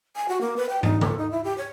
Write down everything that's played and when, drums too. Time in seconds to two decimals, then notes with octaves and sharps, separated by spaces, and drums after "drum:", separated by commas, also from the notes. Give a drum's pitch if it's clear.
0.16 G#5
0.29 F#4
0.41 A#3
0.57 B4
0.69 G5
0.83 D#4, drum: tom
1.01 A4, drum: tom C#3
1.18 D#4
1.31 E4
1.44 G4
1.58 C#5